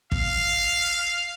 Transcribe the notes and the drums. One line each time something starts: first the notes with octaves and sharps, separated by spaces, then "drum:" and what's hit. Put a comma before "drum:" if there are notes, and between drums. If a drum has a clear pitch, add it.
F5, drum: kick